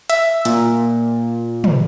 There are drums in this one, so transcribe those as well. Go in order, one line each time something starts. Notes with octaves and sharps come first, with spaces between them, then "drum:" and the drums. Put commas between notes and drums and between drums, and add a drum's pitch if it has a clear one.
E5, drum: hi-hat
A#2, drum: hi-hat
drum: tom